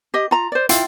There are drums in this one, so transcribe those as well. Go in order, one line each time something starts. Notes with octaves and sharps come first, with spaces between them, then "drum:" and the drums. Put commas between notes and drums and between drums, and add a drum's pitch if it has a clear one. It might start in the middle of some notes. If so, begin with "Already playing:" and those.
G4 D#5
F4 A#5
C5 D5
E4 F4 F5 G5, drum: hi-hat